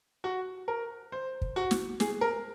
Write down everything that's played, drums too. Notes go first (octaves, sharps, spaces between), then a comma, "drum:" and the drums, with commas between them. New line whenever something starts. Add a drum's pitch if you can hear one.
F#4
A#4
C5
drum: kick
F#4
drum: snare
G#4, drum: snare
A#4